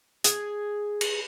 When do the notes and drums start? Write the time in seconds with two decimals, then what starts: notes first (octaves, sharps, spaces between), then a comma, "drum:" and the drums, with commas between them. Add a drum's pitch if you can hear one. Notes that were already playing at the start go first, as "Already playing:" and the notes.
0.24 G#4, drum: hi-hat
1.01 drum: cymbal